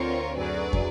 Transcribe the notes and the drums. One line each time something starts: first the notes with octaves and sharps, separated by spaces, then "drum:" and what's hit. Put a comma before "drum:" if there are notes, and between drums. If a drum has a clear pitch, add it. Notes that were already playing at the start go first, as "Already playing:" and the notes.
Already playing: D2 D3 C4 F4 A#4 C#5
F#2 F#3 G#4 B4 D5
drum: kick